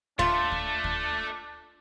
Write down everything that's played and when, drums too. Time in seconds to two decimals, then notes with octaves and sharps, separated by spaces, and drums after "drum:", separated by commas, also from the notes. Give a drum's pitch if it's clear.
0.19 A3 D4 F4, drum: kick
0.52 drum: kick
0.84 drum: kick